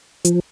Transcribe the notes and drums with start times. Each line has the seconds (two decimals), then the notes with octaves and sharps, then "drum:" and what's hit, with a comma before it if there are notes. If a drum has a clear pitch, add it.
0.25 F3, drum: hi-hat